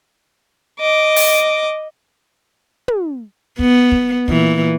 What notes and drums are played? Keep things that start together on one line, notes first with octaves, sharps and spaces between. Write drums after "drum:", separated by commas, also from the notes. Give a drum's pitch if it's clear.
D#5 D6
drum: open hi-hat
drum: tom
B3, drum: kick
drum: kick
A#2 E3, drum: kick